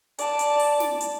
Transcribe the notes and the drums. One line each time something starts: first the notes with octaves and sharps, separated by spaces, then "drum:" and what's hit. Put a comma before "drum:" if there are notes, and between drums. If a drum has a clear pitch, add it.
D5 A5, drum: hi-hat
drum: hi-hat
drum: open hi-hat
drum: snare
drum: hi-hat